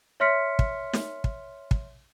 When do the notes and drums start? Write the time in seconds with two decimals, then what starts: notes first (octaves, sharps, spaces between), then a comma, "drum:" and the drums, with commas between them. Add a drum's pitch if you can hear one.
0.20 C#5 E5 C6 F6 B6 C#7
0.59 drum: kick
0.93 drum: snare
1.24 drum: kick
1.71 drum: kick